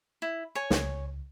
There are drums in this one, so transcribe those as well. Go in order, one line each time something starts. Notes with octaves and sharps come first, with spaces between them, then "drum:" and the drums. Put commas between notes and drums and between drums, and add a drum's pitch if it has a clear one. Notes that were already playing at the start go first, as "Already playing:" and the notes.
E4
C#5 G#5
C#2, drum: snare